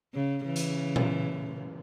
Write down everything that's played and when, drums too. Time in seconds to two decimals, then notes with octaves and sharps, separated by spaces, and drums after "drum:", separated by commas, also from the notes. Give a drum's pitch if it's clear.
0.14 C#3
0.45 C#3 E3
0.56 drum: hi-hat
0.96 drum: tom A#2